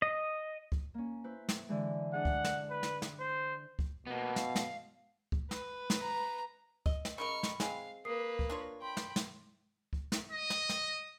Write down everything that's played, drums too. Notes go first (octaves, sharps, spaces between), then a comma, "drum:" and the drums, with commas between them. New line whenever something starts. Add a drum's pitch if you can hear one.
D#5
drum: kick C#2
A#3 C#4
E4 B4 C5
drum: snare
D3 E3 G#3
D4 G#4 F#5
drum: kick C#2
drum: snare
B4
drum: snare
drum: snare
C5
drum: kick C#2
B2 A#3 B3
F5, drum: snare
drum: snare
drum: kick C#2
B4, drum: snare
drum: snare
A#5
D#5, drum: kick C#2
drum: snare
C#3 A#4 D#5 B5 C#6 F6
drum: snare
G#3 C4 G#4 F5, drum: snare
A#3 A#4 B4 D#6 C7
drum: kick C#2
D4 F4 C#5
G5 B5 C6
drum: snare
drum: snare
drum: kick C#2
drum: snare
D#5
drum: snare
drum: snare